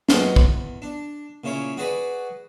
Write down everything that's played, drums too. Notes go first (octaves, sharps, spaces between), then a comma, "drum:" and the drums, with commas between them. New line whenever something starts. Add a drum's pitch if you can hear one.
F#3 A#3 B3 F4 G#4 D#5, drum: snare
E2, drum: kick
D4
A#2 C#3 E4 C#5 D6
F#4 G#4 B4 D5 F#5 B5